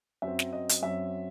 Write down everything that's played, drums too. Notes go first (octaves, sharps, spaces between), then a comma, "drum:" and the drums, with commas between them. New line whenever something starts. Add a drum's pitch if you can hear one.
F#2 F#3 C4 E5
drum: snare
D#5
drum: hi-hat
F#2 F#3 C4 E5